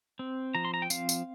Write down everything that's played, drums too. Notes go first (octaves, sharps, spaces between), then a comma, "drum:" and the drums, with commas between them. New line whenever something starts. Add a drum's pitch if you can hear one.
C4
F3 A#5
C6
A#5
G5
C4 F5, drum: tambourine
drum: tambourine